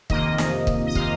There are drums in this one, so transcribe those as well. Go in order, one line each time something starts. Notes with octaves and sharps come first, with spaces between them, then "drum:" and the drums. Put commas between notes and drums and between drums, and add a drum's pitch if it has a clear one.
F2 C3 D#3 A#3 D#5, drum: kick
drum: snare
drum: kick
D#5
C3 D#3 A#3 F5, drum: kick